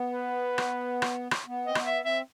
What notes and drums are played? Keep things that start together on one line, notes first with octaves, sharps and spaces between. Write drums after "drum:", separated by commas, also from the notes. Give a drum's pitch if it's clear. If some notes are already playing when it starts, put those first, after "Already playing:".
Already playing: B3
B4
drum: rim click
drum: rim click
drum: rim click
B3
C4 D#5
B3, drum: rim click
E5
C4 E5